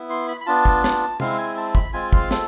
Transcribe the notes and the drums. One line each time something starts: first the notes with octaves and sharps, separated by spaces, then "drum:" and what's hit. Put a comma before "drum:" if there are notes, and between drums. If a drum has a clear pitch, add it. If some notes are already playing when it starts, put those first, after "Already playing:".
Already playing: B3 E4
C6
B5
B5
B3 D4 F4 A5
drum: kick
A5, drum: snare
G#3 C4 E4 F5, drum: tom
G#5
A5
B5, drum: kick
G#3 C4 F4 G#5
F5, drum: kick
A4, drum: snare